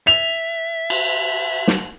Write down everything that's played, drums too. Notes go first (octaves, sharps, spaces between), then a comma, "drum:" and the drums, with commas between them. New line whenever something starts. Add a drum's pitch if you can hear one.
E5 F7
drum: cymbal
drum: snare